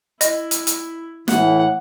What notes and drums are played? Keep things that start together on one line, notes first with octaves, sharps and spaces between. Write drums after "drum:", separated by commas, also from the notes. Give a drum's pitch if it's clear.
E4 D#5, drum: hi-hat
drum: hi-hat
drum: hi-hat
A2 E3 F#5, drum: snare